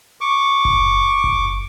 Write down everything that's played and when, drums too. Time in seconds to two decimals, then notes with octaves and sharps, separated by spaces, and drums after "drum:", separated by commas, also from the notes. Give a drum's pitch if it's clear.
0.21 C#6 D6
0.65 drum: kick F#1
1.24 drum: kick F#1